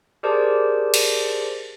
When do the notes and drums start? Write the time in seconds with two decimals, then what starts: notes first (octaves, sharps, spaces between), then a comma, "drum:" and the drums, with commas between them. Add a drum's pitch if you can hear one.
0.23 G4 G#4 A#4 C5 D5 A5
0.94 drum: cymbal